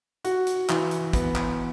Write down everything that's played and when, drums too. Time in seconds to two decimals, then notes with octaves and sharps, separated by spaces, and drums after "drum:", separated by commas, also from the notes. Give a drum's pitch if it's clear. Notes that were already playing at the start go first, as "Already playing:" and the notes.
0.24 F#4, drum: hi-hat
0.47 drum: hi-hat
0.69 E3, drum: clap
0.91 drum: hi-hat
1.13 B3, drum: kick, hi-hat
1.36 drum: clap